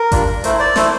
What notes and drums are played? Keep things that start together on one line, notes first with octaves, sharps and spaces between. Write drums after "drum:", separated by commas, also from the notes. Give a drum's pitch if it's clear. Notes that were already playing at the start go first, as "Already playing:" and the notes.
Already playing: A#4
G3 D4 F4, drum: kick G#1, hi-hat
A3 E4 C5, drum: hi-hat
D5
A3 E4 C5, drum: snare